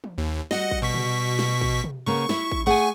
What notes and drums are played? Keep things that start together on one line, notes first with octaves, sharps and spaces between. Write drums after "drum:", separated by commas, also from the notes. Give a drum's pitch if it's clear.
drum: tom
D#2
G3 F#4 D#5 F#5, drum: snare
drum: kick A1
B2 C#6 B6
drum: tom
drum: snare
drum: kick A1
drum: tom
C#3 A#3 B3 C#6
E4 E5, drum: snare
drum: kick A1
A3 G#4 F#5 G#5 C#6